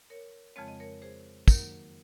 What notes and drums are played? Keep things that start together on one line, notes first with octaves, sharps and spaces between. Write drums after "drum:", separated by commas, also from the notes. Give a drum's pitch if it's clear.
A#4 C#5
F2 C#3 F3 G#3 C4 C#5
D#5
A#4 C#5
G#4 C5
F#2 D#3 F#3 A#3 D#4 A#4, drum: kick, tambourine